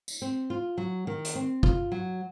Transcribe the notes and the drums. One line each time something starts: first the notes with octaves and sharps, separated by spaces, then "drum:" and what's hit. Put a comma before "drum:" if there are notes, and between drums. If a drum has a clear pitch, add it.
drum: tambourine
C4
F4
F#3
D#3
drum: hi-hat
C4
F4, drum: kick
F#3